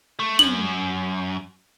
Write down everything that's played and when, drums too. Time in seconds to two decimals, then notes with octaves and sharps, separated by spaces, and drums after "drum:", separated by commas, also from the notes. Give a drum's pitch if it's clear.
0.20 A3
0.39 F#2 F#7, drum: tom